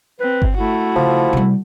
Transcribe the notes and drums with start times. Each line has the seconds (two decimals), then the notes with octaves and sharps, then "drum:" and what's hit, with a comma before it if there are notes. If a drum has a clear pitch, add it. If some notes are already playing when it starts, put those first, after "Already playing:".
0.20 C4 B4
0.42 drum: kick G1
0.56 A3 E4 F#4
0.96 C#3 F3
1.33 C3 G3